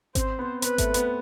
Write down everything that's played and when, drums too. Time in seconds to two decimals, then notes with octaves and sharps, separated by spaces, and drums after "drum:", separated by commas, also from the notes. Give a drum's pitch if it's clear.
0.15 C4 C5, drum: kick G#1, hi-hat
0.39 B3
0.62 B3 B4, drum: hi-hat
0.78 A3, drum: kick G#1, hi-hat
0.94 B3, drum: hi-hat